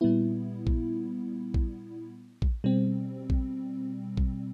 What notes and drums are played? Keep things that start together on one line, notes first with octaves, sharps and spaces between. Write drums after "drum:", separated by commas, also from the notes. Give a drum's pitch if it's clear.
A#2 G3 B3 E4
drum: kick
drum: kick
drum: kick
B2 G3 C4
drum: kick
drum: kick